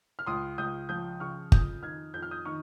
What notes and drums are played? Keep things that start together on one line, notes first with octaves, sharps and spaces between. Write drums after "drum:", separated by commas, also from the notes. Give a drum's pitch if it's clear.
F6
C#2 C6 D#6
C#2 D#6 G6
F3 D#6 G6
C#3 C#6 F6
F2 D#6 G6, drum: kick G1
D#3 F6 G#6
F2 G6
F6
D#6 G6
D#3 C#6 F6